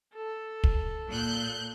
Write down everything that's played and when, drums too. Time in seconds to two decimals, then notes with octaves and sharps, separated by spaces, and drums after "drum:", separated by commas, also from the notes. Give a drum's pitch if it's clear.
0.14 A4
0.64 drum: kick
1.09 A#2 F#6 G6